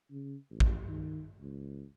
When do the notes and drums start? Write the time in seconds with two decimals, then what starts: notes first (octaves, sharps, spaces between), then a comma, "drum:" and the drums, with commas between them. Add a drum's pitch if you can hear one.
0.11 C#3
0.50 A1
0.60 drum: kick A1
0.88 D#3
1.40 C#2